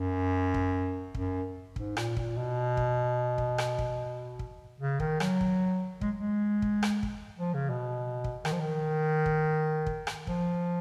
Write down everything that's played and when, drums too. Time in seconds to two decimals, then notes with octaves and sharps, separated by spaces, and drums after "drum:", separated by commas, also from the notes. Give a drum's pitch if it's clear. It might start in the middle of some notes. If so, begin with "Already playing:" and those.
Already playing: F#2
0.54 drum: kick
1.15 F#2, drum: kick
1.76 G#2, drum: kick
1.97 A#2, drum: rim click
2.17 A#2, drum: kick
2.37 B2
2.77 drum: kick
3.38 drum: kick
3.58 drum: rim click
3.79 drum: kick
4.39 drum: kick
4.80 C#3
5.00 D#3, drum: kick
5.20 F#3, drum: rim click
5.41 drum: kick
6.01 G#3, drum: kick
6.18 G#3
6.62 drum: kick
6.83 drum: rim click
7.03 drum: kick
7.38 F3
7.54 C#3
7.69 B2
8.24 drum: kick
8.45 D#3, drum: rim click
8.52 F3
8.60 D#3
9.26 drum: kick
9.86 drum: kick
10.07 drum: rim click
10.27 F3, drum: kick